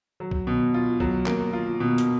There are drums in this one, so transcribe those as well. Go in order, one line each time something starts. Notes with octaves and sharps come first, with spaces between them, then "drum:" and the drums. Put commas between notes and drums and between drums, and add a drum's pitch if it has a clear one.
F#3
drum: kick
B2
F4
F#3, drum: kick
A#3, drum: clap
F4
B2
drum: hi-hat